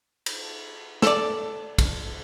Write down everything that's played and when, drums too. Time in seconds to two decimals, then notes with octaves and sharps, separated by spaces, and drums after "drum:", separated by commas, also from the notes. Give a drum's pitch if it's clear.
0.26 drum: cymbal
1.02 A4 D5, drum: snare
1.78 drum: kick, cymbal